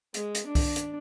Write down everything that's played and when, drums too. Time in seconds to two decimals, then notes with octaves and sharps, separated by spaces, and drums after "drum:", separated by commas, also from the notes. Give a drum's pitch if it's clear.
0.14 G#3, drum: hi-hat
0.35 drum: hi-hat
0.46 D4
0.55 drum: kick C2, open hi-hat
0.76 drum: hi-hat